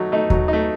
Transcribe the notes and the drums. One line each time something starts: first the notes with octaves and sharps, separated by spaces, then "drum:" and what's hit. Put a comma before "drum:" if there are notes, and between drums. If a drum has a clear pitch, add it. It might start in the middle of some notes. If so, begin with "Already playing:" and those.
Already playing: F#3 A3 D#4
A3 D#4
F#3, drum: kick D#2
A3 D#4